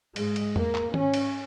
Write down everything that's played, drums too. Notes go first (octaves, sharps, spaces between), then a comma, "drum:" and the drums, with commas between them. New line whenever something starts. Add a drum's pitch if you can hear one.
G#2 G#3, drum: cymbal
drum: cymbal
A#3, drum: tom E2
drum: clap
G#2 C#4, drum: tom D#3
drum: cymbal